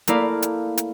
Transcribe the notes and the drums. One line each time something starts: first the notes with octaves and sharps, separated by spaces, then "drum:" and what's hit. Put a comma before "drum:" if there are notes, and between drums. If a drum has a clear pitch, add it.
A3 A#3 E4 A#4 D5 F5, drum: hi-hat
drum: hi-hat
drum: hi-hat